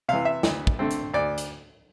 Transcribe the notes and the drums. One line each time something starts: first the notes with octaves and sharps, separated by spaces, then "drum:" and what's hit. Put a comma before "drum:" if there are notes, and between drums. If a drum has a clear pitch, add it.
C3 E3 F5
E5
D2, drum: snare
drum: kick
D3 A3 C4
drum: hi-hat
D2 D5
drum: hi-hat